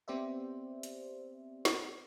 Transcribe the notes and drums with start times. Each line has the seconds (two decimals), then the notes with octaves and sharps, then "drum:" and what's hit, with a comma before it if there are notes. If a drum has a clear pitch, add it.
0.08 B3 C4 G4 C5 D5 E5
0.83 drum: hi-hat
1.65 drum: snare